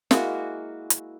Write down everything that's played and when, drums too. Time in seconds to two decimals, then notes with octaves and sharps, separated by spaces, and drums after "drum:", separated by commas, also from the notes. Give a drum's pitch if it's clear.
0.11 G#3 A#3 E4 F#4, drum: snare
0.90 drum: hi-hat